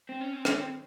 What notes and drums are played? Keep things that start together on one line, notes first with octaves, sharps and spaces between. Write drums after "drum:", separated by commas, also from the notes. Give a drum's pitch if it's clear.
C4
C#4
C4
C#4, drum: rim click
C4